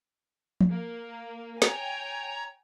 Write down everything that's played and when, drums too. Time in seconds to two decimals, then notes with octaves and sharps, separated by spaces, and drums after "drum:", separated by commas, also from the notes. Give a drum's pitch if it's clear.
0.61 drum: tom F3
0.71 A#3
1.62 C#5 G5 G#5 A#5, drum: snare